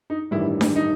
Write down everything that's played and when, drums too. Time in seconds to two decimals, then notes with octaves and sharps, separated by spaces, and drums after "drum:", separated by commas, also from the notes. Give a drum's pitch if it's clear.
0.10 D#4
0.31 A1 G2 D#3 G3 E4
0.61 drum: snare D4
0.76 D#4